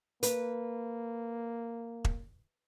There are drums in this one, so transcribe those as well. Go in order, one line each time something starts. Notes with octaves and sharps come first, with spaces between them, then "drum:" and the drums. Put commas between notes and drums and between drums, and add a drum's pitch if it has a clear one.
A#3 B4, drum: hi-hat
drum: kick E1